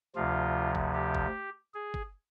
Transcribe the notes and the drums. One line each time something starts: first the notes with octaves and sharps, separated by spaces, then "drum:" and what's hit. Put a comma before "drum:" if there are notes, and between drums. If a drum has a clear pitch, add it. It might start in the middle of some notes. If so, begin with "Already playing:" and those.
D2 C3 F3 F4
drum: kick
G4
drum: kick
G#4
drum: kick